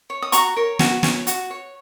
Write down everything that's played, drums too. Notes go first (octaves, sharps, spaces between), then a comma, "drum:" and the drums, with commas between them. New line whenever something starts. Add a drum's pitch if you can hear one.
C#5
D#6
F#4 A#5 C#6, drum: hi-hat
A#4 C#5
F#4, drum: snare
C#5, drum: snare
F#4, drum: hi-hat
C#5